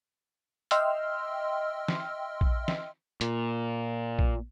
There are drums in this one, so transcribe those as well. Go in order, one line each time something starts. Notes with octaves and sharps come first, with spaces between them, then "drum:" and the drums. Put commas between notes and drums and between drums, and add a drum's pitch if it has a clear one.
D#5 E5 G5 C6 E6 F6, drum: hi-hat
drum: snare
drum: kick
drum: snare
A#2, drum: hi-hat
drum: kick